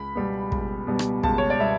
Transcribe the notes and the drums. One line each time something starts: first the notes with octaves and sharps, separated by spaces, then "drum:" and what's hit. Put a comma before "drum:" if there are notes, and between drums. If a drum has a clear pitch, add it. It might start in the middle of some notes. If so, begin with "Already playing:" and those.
Already playing: C#2 B5
B2 G3 B3
C#2, drum: kick
B2 G3 B3
drum: rim click
C#2 A5, drum: kick
C#5
D5
B2 G3 B3 E5